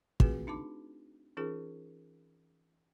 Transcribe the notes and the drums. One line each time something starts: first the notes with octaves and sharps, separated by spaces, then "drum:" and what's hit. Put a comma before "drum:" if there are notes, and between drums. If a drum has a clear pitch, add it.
A3 C4 F4 F#4 G#4 B4, drum: kick
D4 D#4 A5 D6
E3 C#4 D#4 F4 G#4 A#4